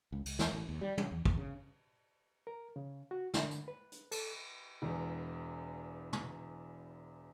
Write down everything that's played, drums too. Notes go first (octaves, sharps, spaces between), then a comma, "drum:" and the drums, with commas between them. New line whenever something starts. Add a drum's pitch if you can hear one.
C#2
C#2, drum: cymbal
E2, drum: snare
A1
D#2
G3
C#3, drum: tom
E2
E2, drum: kick
C#3
A#4
C#3
F#4
D3, drum: snare
drum: hi-hat
B4
drum: hi-hat
A4, drum: cymbal
E1 E2
drum: tom